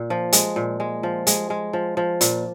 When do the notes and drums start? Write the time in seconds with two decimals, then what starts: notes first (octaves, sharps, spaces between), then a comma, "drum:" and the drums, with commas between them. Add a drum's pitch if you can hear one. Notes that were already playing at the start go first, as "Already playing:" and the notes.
Already playing: A#2
0.10 F3
0.33 G#3, drum: hi-hat
0.56 A#2
0.80 G#3
1.03 F3
1.27 G#3, drum: hi-hat
1.50 G#3
1.73 F3
1.97 F3
2.21 A#2, drum: hi-hat